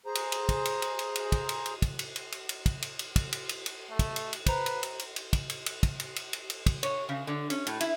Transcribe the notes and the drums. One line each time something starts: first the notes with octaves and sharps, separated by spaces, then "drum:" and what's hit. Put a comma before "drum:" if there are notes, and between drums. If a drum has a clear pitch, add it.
G#4 C5 A#5
drum: cymbal
drum: cymbal
drum: kick, cymbal
drum: cymbal
drum: cymbal
drum: cymbal
drum: cymbal
drum: kick, cymbal
drum: cymbal
drum: cymbal
drum: kick, cymbal
drum: cymbal
drum: cymbal
drum: cymbal
drum: cymbal
drum: kick, cymbal
drum: cymbal
drum: cymbal
drum: kick, cymbal
drum: cymbal
drum: cymbal
drum: cymbal
A3
drum: kick, cymbal
drum: cymbal
drum: cymbal
B4 C5 A#5, drum: kick, cymbal
drum: cymbal
drum: cymbal
drum: cymbal
drum: cymbal
drum: kick, cymbal
drum: cymbal
drum: cymbal
drum: kick, cymbal
drum: cymbal
drum: cymbal
drum: cymbal
drum: cymbal
drum: kick, cymbal
C#5, drum: cymbal
C#3
D3
C#4, drum: cymbal
A2, drum: cymbal
E4, drum: cymbal